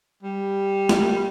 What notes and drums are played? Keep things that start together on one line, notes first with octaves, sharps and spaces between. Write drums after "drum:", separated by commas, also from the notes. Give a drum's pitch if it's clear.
G3
drum: snare